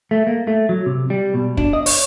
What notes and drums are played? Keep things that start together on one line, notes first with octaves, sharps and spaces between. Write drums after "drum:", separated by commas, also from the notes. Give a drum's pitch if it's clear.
A3
A#3
A3
F#3
C3
G3
B2
D4, drum: kick
D#5
C#5, drum: open hi-hat